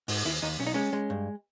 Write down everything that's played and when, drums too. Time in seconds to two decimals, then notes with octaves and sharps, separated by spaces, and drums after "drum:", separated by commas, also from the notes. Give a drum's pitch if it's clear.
0.08 G#2, drum: open hi-hat
0.25 D#2 E4
0.42 D#2 D#4
0.59 B1 C#4
0.67 D#4
0.74 G#3 C#4
0.93 G#3
1.10 G2